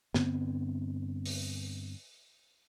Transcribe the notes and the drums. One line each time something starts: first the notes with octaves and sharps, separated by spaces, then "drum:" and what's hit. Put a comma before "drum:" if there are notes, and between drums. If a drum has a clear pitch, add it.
G2 D3 B3 C4, drum: snare
drum: open hi-hat